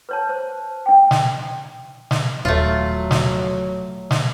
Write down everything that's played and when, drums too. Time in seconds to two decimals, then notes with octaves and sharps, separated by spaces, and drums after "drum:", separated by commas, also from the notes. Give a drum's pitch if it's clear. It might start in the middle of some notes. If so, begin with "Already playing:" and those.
0.09 B4 C#5 A5
0.29 C5
0.86 D4 G5
1.11 drum: snare
2.11 drum: snare
2.45 D#1 F#3 A3 F4
3.11 drum: snare
4.11 drum: snare